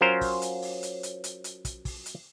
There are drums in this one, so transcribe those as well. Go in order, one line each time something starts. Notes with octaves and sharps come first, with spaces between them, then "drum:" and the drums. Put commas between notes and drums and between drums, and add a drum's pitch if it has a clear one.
F#3 C#4 F4 A#4 C5 A#5
drum: kick, open hi-hat
drum: hi-hat
drum: open hi-hat
drum: hi-hat
drum: hi-hat
drum: hi-hat
drum: hi-hat
drum: kick, hi-hat
drum: kick, open hi-hat
drum: hi-hat